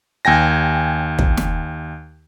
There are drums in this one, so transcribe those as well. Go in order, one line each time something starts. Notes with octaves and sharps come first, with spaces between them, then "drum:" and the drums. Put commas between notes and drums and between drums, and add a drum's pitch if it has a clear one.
D#2 G5 G#5 A#6
drum: kick
drum: snare